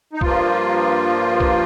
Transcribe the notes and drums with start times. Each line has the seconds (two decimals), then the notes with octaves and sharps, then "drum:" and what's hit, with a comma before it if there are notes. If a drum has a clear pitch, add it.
0.13 D#4
0.21 G2 F3 A#3 F4, drum: kick
1.40 drum: kick